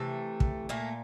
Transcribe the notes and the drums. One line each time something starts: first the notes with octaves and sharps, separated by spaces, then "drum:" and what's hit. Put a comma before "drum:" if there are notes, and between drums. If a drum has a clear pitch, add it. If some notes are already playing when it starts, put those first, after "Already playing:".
Already playing: C3 E3 A3
drum: kick
A#2 A3 A#3